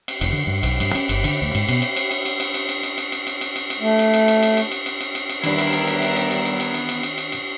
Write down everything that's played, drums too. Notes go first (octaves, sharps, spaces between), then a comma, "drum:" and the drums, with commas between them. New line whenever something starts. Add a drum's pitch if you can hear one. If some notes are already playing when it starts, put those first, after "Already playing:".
drum: cymbal
F1, drum: cymbal
D3
G2
B1, drum: cymbal
G2, drum: cymbal
C#4, drum: cymbal
G1, drum: cymbal
D3, drum: cymbal
D2
G#2, drum: cymbal
B2, drum: cymbal
drum: cymbal
drum: cymbal
drum: cymbal
drum: cymbal
drum: cymbal
drum: cymbal
drum: cymbal
drum: cymbal
drum: cymbal
drum: cymbal
drum: cymbal
drum: cymbal
drum: cymbal
drum: cymbal
A3
drum: cymbal
drum: cymbal
drum: cymbal
drum: cymbal
drum: cymbal
drum: cymbal
drum: cymbal
drum: cymbal
drum: cymbal
drum: cymbal
D#3 G3 B3 D4 E4 A#4 E5, drum: cymbal
drum: cymbal
drum: cymbal
drum: cymbal
drum: cymbal
drum: cymbal
drum: cymbal
drum: cymbal
drum: cymbal
drum: cymbal
drum: cymbal
drum: cymbal
drum: cymbal
drum: cymbal